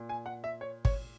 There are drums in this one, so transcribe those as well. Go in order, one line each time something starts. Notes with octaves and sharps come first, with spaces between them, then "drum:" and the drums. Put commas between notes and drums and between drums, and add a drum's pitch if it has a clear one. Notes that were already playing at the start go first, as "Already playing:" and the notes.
Already playing: A#2
G#5
F#5
E5
C#5
C#5, drum: kick G#1